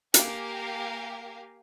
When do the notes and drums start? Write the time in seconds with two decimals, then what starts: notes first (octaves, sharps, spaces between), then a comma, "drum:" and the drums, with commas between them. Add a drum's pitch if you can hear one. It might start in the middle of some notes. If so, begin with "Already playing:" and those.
0.14 A#3 G4 A#4 F5 G#5, drum: hi-hat